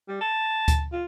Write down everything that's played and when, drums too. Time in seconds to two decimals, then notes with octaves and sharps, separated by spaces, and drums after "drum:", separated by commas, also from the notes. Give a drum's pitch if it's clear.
0.08 G3
0.21 A5
0.68 drum: kick D2, hi-hat
0.92 F4